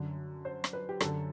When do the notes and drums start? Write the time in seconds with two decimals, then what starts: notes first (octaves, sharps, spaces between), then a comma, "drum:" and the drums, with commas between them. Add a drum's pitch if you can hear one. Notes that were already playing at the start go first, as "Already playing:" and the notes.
Already playing: F#2 D3
0.45 C5
0.64 drum: rim click
0.73 B4
0.89 G4
1.00 F#2 D3 A4, drum: rim click